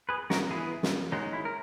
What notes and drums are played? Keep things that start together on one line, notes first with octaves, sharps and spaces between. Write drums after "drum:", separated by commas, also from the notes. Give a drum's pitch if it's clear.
G#4 B4
F#4 A#4, drum: snare
E3 B3 E4 G#4
drum: snare
D#3 G#3 C#4 D#4 F#4
E4
A#4